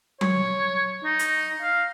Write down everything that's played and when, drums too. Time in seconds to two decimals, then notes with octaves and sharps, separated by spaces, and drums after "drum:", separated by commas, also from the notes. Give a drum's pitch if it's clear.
0.21 C#5, drum: tom F#3
1.04 D#4
1.19 drum: hi-hat
1.62 F5